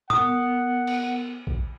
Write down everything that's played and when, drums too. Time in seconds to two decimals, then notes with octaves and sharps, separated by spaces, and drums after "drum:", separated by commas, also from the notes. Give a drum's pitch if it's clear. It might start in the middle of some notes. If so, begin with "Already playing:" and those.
0.10 B3 A#4 F#5 D#6, drum: tom
0.87 drum: cymbal
1.47 drum: kick A#1